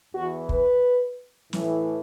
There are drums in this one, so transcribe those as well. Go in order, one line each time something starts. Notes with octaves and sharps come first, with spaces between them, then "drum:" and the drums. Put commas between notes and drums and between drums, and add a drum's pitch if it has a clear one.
E2 E3 F#4
B4, drum: kick
A2 E3, drum: snare